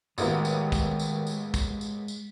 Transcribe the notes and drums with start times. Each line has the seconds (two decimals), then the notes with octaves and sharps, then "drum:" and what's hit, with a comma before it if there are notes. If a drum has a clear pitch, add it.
0.18 A1 D#3 G#3 A#3 B3, drum: tambourine
0.45 drum: tambourine
0.72 drum: kick, tambourine
0.99 drum: tambourine
1.27 drum: tambourine
1.54 drum: kick, tambourine
1.81 drum: tambourine
2.08 drum: tambourine